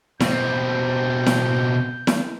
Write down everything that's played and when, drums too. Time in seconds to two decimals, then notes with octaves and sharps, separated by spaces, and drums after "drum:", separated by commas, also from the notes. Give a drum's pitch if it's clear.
0.20 B2 C4 G6, drum: snare E4
1.26 drum: snare E4
2.07 drum: snare E4